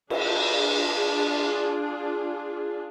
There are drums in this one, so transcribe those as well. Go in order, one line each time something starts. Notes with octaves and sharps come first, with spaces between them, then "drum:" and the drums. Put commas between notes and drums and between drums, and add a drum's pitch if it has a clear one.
D4 F4 G#4, drum: cymbal